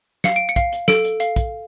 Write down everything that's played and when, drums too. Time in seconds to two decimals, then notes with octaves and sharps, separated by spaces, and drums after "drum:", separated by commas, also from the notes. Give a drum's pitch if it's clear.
0.24 F5 C#7, drum: snare
0.36 D7
0.49 C#7
0.56 F5, drum: kick, hi-hat
0.72 drum: hi-hat
0.88 A4 D7, drum: snare
1.04 drum: hi-hat
1.20 F5, drum: hi-hat
1.36 drum: kick, hi-hat